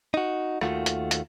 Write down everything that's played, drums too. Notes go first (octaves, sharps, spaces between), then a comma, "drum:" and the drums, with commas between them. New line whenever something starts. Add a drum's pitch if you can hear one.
D#4 F#4
D#2 D#3 A3 F4 F#4, drum: rim click
drum: hi-hat
drum: hi-hat